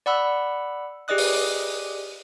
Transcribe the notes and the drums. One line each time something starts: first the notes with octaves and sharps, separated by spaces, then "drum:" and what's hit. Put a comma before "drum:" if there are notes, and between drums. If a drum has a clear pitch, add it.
D5 F#5 B5 E6
G4 G#4 D5 D#5 D#6 F#6
drum: open hi-hat